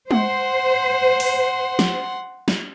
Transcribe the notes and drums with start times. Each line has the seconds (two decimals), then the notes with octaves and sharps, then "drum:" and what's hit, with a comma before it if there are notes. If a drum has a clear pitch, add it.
0.11 C5 F#5 C6, drum: tom G#3
1.20 drum: open hi-hat
1.79 drum: snare
2.48 drum: snare